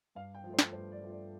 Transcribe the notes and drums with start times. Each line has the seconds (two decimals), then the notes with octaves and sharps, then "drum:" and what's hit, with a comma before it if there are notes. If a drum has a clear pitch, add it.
0.15 G2 F5
0.35 G5
0.44 F3
0.49 A3 C5
0.59 drum: snare
0.72 G2 C5
0.92 D5
1.02 F3 A3
1.11 D5